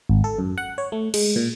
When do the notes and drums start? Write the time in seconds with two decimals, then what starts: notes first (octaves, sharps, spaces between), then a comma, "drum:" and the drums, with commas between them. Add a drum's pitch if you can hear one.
0.09 G#1
0.24 A4
0.39 F#2
0.58 F#5
0.78 C#5
0.92 A3
1.14 G#3, drum: cymbal
1.36 A#2